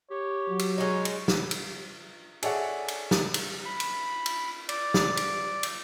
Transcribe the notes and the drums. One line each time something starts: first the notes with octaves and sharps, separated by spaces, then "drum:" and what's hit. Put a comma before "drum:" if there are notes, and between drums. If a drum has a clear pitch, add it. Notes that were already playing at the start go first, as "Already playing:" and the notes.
G4 C#5
F#3
drum: cymbal
G#3 D#4 C#5
drum: cymbal
drum: snare
drum: cymbal
G#4 A4 C#5 D5 E5 F#5, drum: cymbal
drum: cymbal
drum: snare
drum: cymbal
B5
drum: cymbal
drum: cymbal
D5, drum: cymbal
drum: snare
drum: cymbal
drum: cymbal